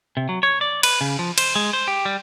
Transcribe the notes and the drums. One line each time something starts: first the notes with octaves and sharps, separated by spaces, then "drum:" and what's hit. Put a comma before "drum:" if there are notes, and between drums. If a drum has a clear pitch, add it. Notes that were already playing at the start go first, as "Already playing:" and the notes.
C3
F#3
C#5
D5
B4, drum: cymbal
C#3
F3
C5, drum: cymbal
G#3
C5
G4
G3